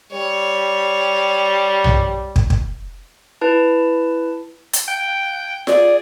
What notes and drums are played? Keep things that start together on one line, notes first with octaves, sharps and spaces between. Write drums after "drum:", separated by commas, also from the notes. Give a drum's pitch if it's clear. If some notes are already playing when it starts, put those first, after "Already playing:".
G3 C#5
drum: tom B1
drum: kick
drum: kick
E4 B4 A5
drum: hi-hat
G5
G#4 D5, drum: snare F4